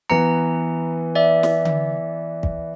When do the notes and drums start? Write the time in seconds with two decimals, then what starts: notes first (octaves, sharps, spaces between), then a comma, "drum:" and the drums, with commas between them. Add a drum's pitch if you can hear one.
0.10 E3 B3 A#5 C#7
1.15 D5 E5
1.43 drum: snare
1.65 drum: tom D3
2.43 drum: kick